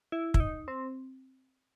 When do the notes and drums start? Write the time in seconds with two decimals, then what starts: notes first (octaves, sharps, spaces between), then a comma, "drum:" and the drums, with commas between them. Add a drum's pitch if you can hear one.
0.12 E4
0.34 E4, drum: kick
0.40 D#4
0.68 C4